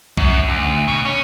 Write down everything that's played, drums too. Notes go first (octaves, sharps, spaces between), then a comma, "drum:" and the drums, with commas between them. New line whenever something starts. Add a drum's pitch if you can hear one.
F#2, drum: kick B1
D2
B2
C#4